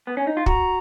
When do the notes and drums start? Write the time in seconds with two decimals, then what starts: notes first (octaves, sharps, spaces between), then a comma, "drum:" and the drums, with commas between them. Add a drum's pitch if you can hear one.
0.07 B3
0.17 C#4
0.27 D#4
0.37 F4
0.46 F#4 A#5, drum: kick